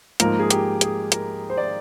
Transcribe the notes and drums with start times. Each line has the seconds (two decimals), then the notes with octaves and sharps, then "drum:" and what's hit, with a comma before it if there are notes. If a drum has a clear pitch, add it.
0.20 G#2 F3 A#3 A#4, drum: hi-hat
0.39 G#4
0.51 G4, drum: hi-hat
0.81 G#4, drum: hi-hat
1.12 A#4, drum: hi-hat
1.50 C5
1.57 D5